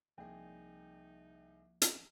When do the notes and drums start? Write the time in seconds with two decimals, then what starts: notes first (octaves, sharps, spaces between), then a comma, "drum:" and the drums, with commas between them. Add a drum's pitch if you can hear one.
0.18 C2 F3 A#3 D#4 G#4 D5 G5
1.82 drum: hi-hat